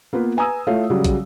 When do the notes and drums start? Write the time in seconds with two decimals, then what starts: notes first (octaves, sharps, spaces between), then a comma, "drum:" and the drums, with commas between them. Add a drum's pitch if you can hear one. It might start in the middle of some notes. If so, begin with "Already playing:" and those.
0.13 A#3 B3 F4 B4
0.37 B4 G#5 A#5 D#6 E6
0.67 A3 E4 F4 C#5 F5
0.90 C#3 F#3 G3
1.04 drum: kick, hi-hat